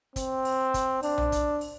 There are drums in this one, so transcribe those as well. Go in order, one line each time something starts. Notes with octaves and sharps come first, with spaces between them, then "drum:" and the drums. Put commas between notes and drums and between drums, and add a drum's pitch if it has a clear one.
C4, drum: kick, hi-hat
drum: open hi-hat
drum: kick, hi-hat
D4, drum: open hi-hat
drum: tom B1
drum: kick, hi-hat
drum: open hi-hat